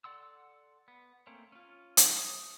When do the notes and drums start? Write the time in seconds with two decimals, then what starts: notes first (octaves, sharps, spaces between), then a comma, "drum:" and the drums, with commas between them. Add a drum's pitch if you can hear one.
0.04 A4 D5 F#5 C6 E6
0.88 B3
1.27 A3 A#3 C4 C#4
1.52 C#4 F4
1.97 drum: hi-hat
2.19 D#6